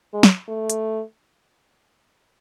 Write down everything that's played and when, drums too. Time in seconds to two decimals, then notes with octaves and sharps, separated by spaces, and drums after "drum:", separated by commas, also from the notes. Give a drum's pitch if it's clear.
0.13 G#3
0.23 drum: snare
0.48 A3
0.70 drum: hi-hat